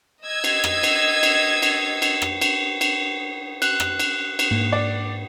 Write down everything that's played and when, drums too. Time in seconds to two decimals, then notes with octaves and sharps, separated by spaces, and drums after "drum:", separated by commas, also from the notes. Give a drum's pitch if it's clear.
0.24 D#5 E6 G#6
0.44 drum: cymbal
0.64 drum: rim click
0.83 drum: cymbal
1.23 drum: cymbal
1.62 drum: cymbal
2.02 drum: cymbal
2.22 drum: rim click
2.41 drum: cymbal
2.81 drum: cymbal
3.62 F#6, drum: cymbal
3.80 drum: rim click
3.99 drum: cymbal
4.39 drum: cymbal
4.51 G#2 A#3
4.73 D5